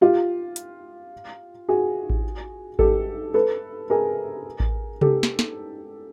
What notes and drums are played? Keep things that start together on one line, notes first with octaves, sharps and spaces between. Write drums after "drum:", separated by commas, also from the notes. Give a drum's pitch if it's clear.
F4 G4
drum: hi-hat
F#4 G#4
drum: kick A1
G4 A4, drum: kick A1
A4 B4
G#4 A#4
drum: kick A1
G4 A4, drum: tom C3
drum: snare
drum: snare